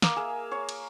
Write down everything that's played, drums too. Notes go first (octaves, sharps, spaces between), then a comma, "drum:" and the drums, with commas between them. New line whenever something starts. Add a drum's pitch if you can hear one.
A#3 A#4, drum: snare
G#4 E5 F5
C#5 F5
drum: cymbal